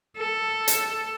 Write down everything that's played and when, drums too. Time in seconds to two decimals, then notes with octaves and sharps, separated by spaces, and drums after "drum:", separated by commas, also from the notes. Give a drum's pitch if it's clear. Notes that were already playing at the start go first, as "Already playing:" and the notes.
0.17 A4
0.68 drum: hi-hat